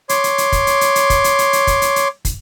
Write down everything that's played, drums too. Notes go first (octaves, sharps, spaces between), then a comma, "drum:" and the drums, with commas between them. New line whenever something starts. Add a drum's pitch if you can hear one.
C#5 C6 D6, drum: hi-hat
drum: hi-hat
drum: hi-hat
drum: kick, hi-hat
drum: hi-hat
drum: hi-hat
drum: hi-hat
drum: kick, hi-hat
drum: hi-hat
drum: hi-hat
drum: hi-hat
drum: kick, hi-hat
drum: hi-hat
drum: hi-hat
drum: kick, hi-hat